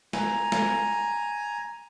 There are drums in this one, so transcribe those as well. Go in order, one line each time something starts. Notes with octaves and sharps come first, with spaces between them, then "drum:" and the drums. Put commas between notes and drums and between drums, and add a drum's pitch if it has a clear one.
G#5 A#5, drum: snare
drum: snare